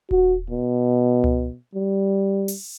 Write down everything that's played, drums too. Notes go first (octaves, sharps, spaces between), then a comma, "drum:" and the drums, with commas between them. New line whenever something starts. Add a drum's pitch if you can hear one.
F#4, drum: kick D#1
B2
drum: tom C#2
G3
drum: open hi-hat